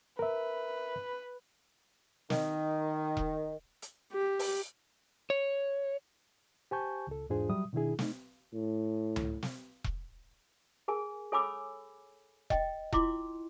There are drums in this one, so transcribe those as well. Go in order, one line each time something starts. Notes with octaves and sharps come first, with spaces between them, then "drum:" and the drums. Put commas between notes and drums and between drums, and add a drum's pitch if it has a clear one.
A#4 B4 E5
D#3, drum: snare
drum: kick E1
drum: hi-hat
G4
drum: open hi-hat
C#5
G4 C5 G#5 A5 C#6 G6
C#2 A4
E2 G#2 D4 F4 G#4 C5
F#3 G3 E5 D#6
B2 D#3 D4 E4 G#4
A3 D#4, drum: snare
A2
drum: tom C#2
drum: snare
drum: kick E1
G#4 A#4 G#5
A4 C#5 G#5 B5 D6 E6
D#5 G5, drum: kick E1
E4 F4 C6 D6, drum: kick E1